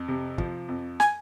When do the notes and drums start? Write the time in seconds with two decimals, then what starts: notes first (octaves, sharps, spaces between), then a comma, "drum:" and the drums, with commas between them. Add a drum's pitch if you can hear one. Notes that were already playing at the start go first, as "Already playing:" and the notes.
Already playing: F2
0.08 C3
0.38 F3, drum: kick
0.69 F2
1.00 G#5, drum: snare